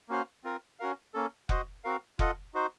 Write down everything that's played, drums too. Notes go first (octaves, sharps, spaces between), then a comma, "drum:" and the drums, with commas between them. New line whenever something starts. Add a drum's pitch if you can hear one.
A#3 C#4 F#4 C5 F5
C4 F4 A#4
C#4 F#4 A#4 F5
A#3 C#4 A4
F#4 C5 D#5 F#5, drum: kick F1
C4 F#4 A#4 F5
F4 A4 D#5 F#5, drum: kick F1
D#4 F#4 C5